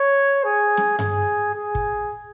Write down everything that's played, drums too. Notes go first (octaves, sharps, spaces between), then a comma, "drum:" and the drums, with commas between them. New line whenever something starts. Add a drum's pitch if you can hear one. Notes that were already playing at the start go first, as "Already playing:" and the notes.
Already playing: C#5
G#4
drum: snare
G#4, drum: tom G2
G#4
drum: kick